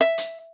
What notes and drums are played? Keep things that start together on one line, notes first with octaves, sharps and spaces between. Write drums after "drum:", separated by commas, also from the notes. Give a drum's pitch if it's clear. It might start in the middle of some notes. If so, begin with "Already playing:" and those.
E5
drum: hi-hat